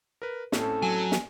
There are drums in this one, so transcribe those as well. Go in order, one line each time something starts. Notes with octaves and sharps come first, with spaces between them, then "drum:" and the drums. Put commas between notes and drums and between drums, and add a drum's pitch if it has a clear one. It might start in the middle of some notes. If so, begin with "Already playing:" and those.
A#4 B4
A2 C4 C#4 A4, drum: snare
F#3 G#5
drum: snare